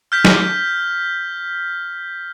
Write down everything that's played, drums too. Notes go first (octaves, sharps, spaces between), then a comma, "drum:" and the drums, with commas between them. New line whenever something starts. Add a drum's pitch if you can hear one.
F6 G6 B6
drum: snare